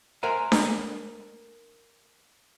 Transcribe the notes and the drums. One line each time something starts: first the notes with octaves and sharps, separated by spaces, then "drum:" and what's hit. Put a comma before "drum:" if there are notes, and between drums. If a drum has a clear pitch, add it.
A#4 C5 E5 F#5 G#5 A#5
drum: snare D4